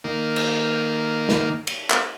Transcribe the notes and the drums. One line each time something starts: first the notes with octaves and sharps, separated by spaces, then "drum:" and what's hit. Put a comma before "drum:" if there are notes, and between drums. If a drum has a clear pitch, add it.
D#3 A#3
drum: cymbal
drum: snare
drum: cymbal
drum: clap